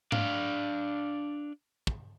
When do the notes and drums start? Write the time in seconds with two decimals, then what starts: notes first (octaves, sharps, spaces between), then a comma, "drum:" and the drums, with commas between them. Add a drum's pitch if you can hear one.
0.12 D4 F5, drum: tom G#2
1.87 drum: kick